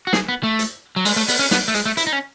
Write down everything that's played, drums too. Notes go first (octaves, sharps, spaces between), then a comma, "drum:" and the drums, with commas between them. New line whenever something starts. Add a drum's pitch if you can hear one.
F#4
G#4, drum: snare
B3
A3
drum: hi-hat
F#3
G#3, drum: open hi-hat
A3
B3, drum: open hi-hat
C#4
B3, drum: snare
A3
G#3, drum: hi-hat
A3
E4, drum: hi-hat
D#4
C#4